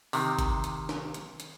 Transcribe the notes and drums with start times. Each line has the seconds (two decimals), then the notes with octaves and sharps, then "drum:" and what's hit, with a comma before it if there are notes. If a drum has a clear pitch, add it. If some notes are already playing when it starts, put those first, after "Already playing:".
0.13 C3 D#3, drum: open hi-hat
0.39 drum: kick G1, hi-hat
0.64 drum: hi-hat
0.89 drum: snare
1.14 drum: hi-hat
1.40 drum: hi-hat